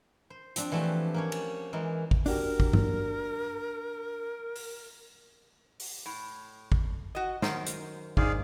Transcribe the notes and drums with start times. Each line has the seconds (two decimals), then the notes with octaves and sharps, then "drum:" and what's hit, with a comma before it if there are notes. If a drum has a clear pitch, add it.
0.30 C5
0.56 F3 C4 D4, drum: hi-hat
0.72 E3 F3 A3 F#4 G4
1.14 A#3 C#4 C#5
1.32 drum: cymbal
1.73 E3 G#3 A#4
2.11 drum: kick
2.26 D4 F#4 G4 A#4, drum: open hi-hat
2.60 drum: kick
2.73 drum: tom G2
4.56 drum: open hi-hat
5.80 drum: open hi-hat
6.06 A2
6.72 drum: kick
7.15 F#4 D#5
7.42 F#2 D#3 A#4 C5, drum: snare
7.66 drum: hi-hat
8.17 G#2 D#3 G#4 D5 F5, drum: kick